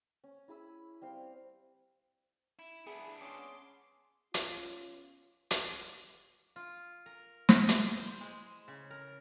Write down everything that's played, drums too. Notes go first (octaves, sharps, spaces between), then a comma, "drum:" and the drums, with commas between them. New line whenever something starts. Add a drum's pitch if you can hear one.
C#4
E4 G#4 B5 E6
G3 C4 F5 G5
E4
B3 D4 E4 G#4
C#4 G#4 C6 D6
B3 C#4 F4, drum: hi-hat
drum: hi-hat
F4
A#4
E4, drum: snare
drum: hi-hat
C5
G#3
C#3
A#4